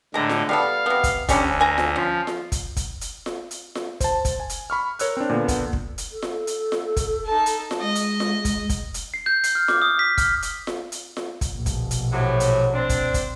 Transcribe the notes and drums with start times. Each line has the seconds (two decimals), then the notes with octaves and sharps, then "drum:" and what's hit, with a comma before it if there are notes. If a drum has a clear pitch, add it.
0.14 A2 D3 G#3 A#5
0.30 drum: snare F4
0.49 G3 B3 A4 F5
0.86 C3 B3
1.04 drum: kick, hi-hat
1.29 D2 G3 C#4 D4, drum: kick, hi-hat
1.60 C5 G#5 A#5
1.78 drum: snare F4
1.96 F3 C#4
2.27 drum: snare F4
2.52 drum: kick, hi-hat
2.77 drum: kick, hi-hat
3.01 drum: hi-hat
3.26 drum: snare F4
3.51 drum: hi-hat
3.75 drum: snare F4
4.00 C5 A5, drum: kick, hi-hat
4.25 drum: kick, hi-hat
4.40 G#5
4.50 drum: hi-hat
4.70 B5 C#6 F6
4.99 A#4 C#5 E6 F#6, drum: hi-hat
5.17 C4 D4
5.30 A#2 D3 B3
5.48 drum: kick, hi-hat
5.73 drum: kick
5.98 drum: hi-hat
6.12 A4
6.22 drum: snare F4
6.47 drum: hi-hat
6.72 drum: snare F4
6.97 drum: kick, hi-hat
7.26 D#4 A5
7.46 drum: hi-hat
7.71 drum: snare F4
7.81 G#3 D#5
7.95 drum: hi-hat
8.20 drum: snare F4
8.45 drum: kick, hi-hat
8.70 drum: kick, hi-hat
8.94 drum: hi-hat
9.14 C7
9.26 G6
9.44 C7, drum: hi-hat
9.55 F6
9.68 D6, drum: snare F4
9.82 D#6
9.99 B6
10.18 F6, drum: kick, hi-hat
10.42 drum: hi-hat
10.67 drum: snare F4
10.92 drum: hi-hat
11.17 drum: snare F4
11.41 drum: kick, hi-hat
11.55 A#1 B2
11.66 drum: kick, hi-hat
11.91 drum: hi-hat
12.12 A2 C3 F#3
12.40 drum: hi-hat
12.74 C4 D4
12.90 drum: kick, hi-hat
13.14 drum: kick, hi-hat